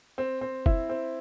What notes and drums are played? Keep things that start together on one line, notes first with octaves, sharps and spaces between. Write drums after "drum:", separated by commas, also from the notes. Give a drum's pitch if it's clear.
C4
C4
E4, drum: kick
C4